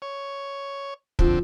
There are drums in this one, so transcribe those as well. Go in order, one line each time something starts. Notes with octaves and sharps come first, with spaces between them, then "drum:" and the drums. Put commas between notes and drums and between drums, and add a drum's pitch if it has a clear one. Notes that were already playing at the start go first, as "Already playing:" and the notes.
C#5
D3 F3 C4, drum: kick